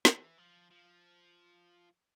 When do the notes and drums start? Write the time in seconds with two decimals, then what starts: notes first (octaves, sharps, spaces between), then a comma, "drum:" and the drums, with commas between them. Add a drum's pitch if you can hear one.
0.05 E3, drum: snare
0.38 F3
0.71 F3